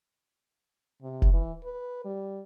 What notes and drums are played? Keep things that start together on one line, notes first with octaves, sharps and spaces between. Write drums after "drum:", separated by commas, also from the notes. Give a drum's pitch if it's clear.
C3
drum: kick F1
E3
B4
G3